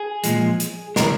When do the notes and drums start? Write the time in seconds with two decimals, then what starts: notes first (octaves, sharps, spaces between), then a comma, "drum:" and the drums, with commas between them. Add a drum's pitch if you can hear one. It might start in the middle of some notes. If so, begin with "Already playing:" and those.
Already playing: G#4
0.24 A#2 F3 G#3, drum: hi-hat
0.60 drum: hi-hat
0.96 C#3 F3 G#3 A#4, drum: snare